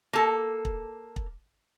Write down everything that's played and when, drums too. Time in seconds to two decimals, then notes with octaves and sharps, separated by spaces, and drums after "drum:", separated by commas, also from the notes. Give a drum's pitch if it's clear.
0.13 A#3 A4
0.65 drum: kick
1.16 drum: kick